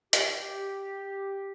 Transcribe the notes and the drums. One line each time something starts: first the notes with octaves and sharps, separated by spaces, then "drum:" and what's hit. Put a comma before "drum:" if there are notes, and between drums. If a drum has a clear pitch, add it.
G4, drum: hi-hat